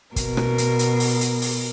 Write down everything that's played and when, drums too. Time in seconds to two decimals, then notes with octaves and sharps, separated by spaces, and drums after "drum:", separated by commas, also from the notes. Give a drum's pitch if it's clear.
0.16 B2 A#4, drum: kick, hi-hat
0.37 drum: rim click
0.58 drum: hi-hat
0.79 drum: hi-hat
1.00 drum: open hi-hat
1.21 drum: hi-hat
1.42 drum: open hi-hat